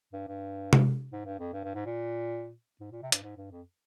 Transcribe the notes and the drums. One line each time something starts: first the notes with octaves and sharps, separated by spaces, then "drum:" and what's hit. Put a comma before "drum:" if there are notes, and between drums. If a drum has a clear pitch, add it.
G2
G2
drum: tom C3
G#2
G2
F2
G2
G2
G#2
A#2
G#2
A#2
C3
G2, drum: hi-hat
G#2
G2
F2